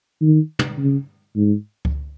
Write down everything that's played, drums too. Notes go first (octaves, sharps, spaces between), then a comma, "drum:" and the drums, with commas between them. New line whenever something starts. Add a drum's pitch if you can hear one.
D#3
drum: tom
C#3
G#2
drum: kick C#2